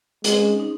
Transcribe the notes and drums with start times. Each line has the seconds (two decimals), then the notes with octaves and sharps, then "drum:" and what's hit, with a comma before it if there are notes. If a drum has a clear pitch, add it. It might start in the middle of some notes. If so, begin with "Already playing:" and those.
0.24 G#3 C4, drum: hi-hat
0.37 C#4
0.49 D#4
0.60 D#4